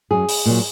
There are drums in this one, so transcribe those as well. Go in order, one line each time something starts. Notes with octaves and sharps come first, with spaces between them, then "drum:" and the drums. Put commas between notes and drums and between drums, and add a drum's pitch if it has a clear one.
F#2 F#3 G#4
drum: open hi-hat
A#2 F#3